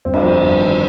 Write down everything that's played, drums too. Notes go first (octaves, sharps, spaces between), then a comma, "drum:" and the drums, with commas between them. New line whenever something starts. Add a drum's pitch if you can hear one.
G1 C4
D4, drum: cymbal
F2 C4
G1
D#3